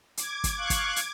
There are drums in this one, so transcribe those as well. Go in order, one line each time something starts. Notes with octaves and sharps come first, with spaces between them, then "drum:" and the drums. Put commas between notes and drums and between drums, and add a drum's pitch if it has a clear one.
D6 G#6, drum: hi-hat
drum: kick, hi-hat
F5 C#6 F#6
drum: kick, hi-hat
drum: hi-hat